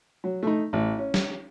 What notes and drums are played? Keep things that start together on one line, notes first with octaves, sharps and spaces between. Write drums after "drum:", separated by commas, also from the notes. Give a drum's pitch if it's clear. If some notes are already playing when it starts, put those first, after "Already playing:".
F#3
A3 D#4
A1
C#4
drum: snare